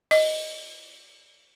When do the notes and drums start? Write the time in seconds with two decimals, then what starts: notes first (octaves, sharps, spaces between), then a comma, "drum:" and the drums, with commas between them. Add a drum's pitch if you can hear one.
0.11 D#5, drum: open hi-hat